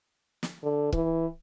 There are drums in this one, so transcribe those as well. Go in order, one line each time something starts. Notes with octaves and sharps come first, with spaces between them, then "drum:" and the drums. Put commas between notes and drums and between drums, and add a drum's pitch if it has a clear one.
drum: snare
D3
E3, drum: kick